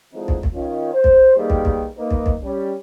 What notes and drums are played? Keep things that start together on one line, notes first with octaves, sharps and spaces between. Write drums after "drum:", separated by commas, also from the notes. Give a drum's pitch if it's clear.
D3 E3 F3 G#3 C4 D#4
drum: kick
drum: kick
D#3 C#4 F4
C5
drum: kick
D#3 G3 A#3 D#4 G#4 B4
drum: kick
drum: kick
A#3 D#4 B4
drum: kick
drum: kick
G3 C#4